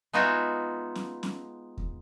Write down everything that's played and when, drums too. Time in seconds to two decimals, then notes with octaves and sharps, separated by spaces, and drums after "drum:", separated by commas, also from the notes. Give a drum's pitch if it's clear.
0.13 G#3 B3 D#4 F4 F#4 E5
0.95 drum: snare
1.23 drum: snare
1.77 drum: kick D#2